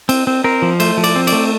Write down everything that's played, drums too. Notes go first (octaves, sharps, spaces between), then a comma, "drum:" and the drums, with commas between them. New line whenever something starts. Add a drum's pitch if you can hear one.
C4, drum: cymbal
C4
C4 A#4
F3
A3 C5, drum: cymbal
F3
D5, drum: cymbal
C4
D5, drum: cymbal
A3